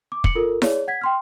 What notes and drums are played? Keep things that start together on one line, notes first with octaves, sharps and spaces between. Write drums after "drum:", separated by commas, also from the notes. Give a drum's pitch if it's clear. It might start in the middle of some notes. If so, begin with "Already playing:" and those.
D6
C#7 F#7, drum: kick
F4 A4 A#4
G#4 C#5 D5, drum: snare E4
F#5 G#6 B6
G5 C6 F6